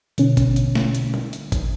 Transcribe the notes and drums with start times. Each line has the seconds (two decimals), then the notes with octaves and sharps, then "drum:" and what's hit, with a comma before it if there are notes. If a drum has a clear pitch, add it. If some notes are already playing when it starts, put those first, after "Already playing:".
0.18 B2 D3 C#4, drum: hi-hat
0.37 drum: kick, hi-hat
0.56 drum: hi-hat
0.75 drum: snare
0.95 drum: hi-hat
1.14 drum: tom G3
1.33 drum: hi-hat
1.52 drum: kick, hi-hat